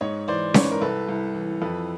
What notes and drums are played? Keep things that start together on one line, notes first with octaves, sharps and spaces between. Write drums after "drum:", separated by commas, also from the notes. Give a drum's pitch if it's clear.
G#2 C#5 D#5
E3 C5 D5
G#2 B4 C#5, drum: snare C#4
A#4
C2 A4 B4
C2
E3
F2 A4 B4